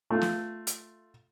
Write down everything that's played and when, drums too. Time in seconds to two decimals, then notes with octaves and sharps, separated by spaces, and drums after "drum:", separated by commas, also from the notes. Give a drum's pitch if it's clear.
0.10 A3 F4
0.21 drum: snare
0.67 drum: hi-hat